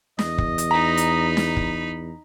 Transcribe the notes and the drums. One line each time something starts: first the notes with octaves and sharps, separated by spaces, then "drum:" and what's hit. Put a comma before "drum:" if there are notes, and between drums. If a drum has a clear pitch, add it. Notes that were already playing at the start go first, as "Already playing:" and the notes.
E2 D#5, drum: snare
drum: kick
drum: hi-hat
D#4 A#5 B5
drum: hi-hat
drum: snare
drum: kick